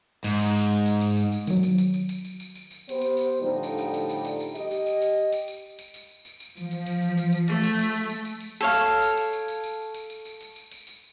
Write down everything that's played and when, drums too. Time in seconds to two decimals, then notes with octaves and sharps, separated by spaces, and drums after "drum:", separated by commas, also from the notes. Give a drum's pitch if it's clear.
0.24 G#2, drum: tambourine
0.40 drum: tambourine
0.55 drum: tambourine
0.86 drum: tambourine
1.01 drum: tambourine
1.17 drum: tambourine
1.32 drum: tambourine
1.47 D#3 F#3, drum: tambourine
1.63 drum: tambourine
1.78 drum: tambourine
1.94 drum: tambourine
2.09 drum: tambourine
2.25 drum: tambourine
2.40 drum: tambourine
2.55 drum: tambourine
2.71 drum: tambourine
2.89 B3 G4 C5, drum: tambourine
3.02 drum: tambourine
3.17 drum: tambourine
3.40 A2 D3 F3 G3 D#4
3.63 drum: tambourine
3.79 drum: tambourine
3.94 drum: tambourine
4.09 drum: tambourine
4.25 drum: tambourine
4.40 drum: tambourine
4.55 G4 D#5, drum: tambourine
4.71 drum: tambourine
4.86 drum: tambourine
5.02 drum: tambourine
5.33 drum: tambourine
5.48 drum: tambourine
5.79 drum: tambourine
5.94 drum: tambourine
6.25 drum: tambourine
6.40 drum: tambourine
6.57 F3, drum: tambourine
6.71 drum: tambourine
6.87 drum: tambourine
7.02 drum: tambourine
7.17 drum: tambourine
7.33 drum: tambourine
7.48 A3, drum: tambourine
7.64 drum: tambourine
7.79 drum: tambourine
7.94 drum: tambourine
8.10 drum: tambourine
8.25 drum: tambourine
8.41 drum: tambourine
8.61 A4 C#5 F5
8.71 drum: tambourine
8.87 drum: tambourine
9.02 drum: tambourine
9.18 drum: tambourine
9.33 drum: tambourine
9.48 drum: tambourine
9.64 drum: tambourine
9.95 drum: tambourine
10.10 drum: tambourine
10.25 drum: tambourine
10.41 drum: tambourine
10.56 drum: tambourine
10.72 drum: tambourine
10.87 drum: tambourine